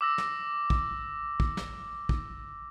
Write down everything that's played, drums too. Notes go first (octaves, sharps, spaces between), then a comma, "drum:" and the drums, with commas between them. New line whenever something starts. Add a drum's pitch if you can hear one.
D6 E6 A#6
drum: snare
drum: kick
drum: kick
drum: snare
drum: kick